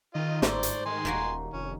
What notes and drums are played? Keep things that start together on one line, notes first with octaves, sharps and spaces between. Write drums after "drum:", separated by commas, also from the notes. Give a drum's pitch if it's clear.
D#3 F4 D#5
G1 G#2 A3 C5 D5, drum: snare
drum: hi-hat
D#3 G#5 C6
D#1 D#3 A#3 F#4
F1 C#4